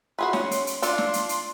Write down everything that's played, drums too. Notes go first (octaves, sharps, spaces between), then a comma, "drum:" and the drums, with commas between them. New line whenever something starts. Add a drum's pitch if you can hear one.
F#4 G#4 B4 C6
C#4, drum: snare
drum: hi-hat
drum: hi-hat
D4 F4 A4 C6, drum: hi-hat
drum: snare
drum: hi-hat
drum: hi-hat